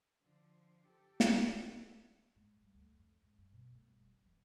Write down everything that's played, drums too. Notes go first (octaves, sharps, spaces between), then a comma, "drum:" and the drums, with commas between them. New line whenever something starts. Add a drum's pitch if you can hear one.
D3 F3
G4 A4
drum: snare
G#2
G2
D2
F2
G#2
G2
B2
A3
G2
E1
D#3
E3